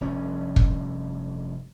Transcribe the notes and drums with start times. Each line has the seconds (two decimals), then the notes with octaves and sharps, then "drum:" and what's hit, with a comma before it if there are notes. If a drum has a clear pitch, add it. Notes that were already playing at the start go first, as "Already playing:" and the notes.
0.01 F1 G2 C#4
0.56 drum: kick